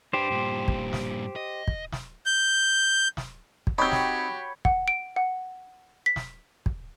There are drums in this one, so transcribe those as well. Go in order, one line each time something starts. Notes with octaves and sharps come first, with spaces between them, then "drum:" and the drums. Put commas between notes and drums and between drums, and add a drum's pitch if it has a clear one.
D4 G4 B4 C5
G2 A#2
drum: kick
drum: snare
D#5
drum: kick
drum: snare
G6
drum: snare
drum: kick
C4 D#4 F#4 G4 C#5 B5 G6
drum: snare
F#5, drum: kick
D7
F#5
B6
drum: snare
drum: kick